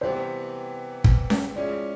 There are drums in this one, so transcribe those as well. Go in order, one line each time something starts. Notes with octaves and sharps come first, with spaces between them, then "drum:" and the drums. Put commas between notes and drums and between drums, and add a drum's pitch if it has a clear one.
C3 E3 G3 B3 C5
drum: kick
drum: snare C#4
F3 G#3 C#4 E4 G#4 D5